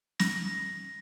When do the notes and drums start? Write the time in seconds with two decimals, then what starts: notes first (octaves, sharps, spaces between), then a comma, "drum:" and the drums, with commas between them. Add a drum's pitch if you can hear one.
0.20 A#6, drum: snare